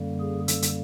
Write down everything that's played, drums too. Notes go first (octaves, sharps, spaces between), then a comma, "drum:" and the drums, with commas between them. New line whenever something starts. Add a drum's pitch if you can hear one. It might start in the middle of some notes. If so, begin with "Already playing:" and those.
Already playing: F#2 D3 G3 A#3
G#4
A4, drum: hi-hat
drum: hi-hat